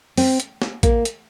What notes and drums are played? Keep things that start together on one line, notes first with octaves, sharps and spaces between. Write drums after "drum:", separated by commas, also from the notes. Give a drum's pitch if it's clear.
C4, drum: open hi-hat
drum: hi-hat
drum: snare
A#3, drum: kick, hi-hat
drum: hi-hat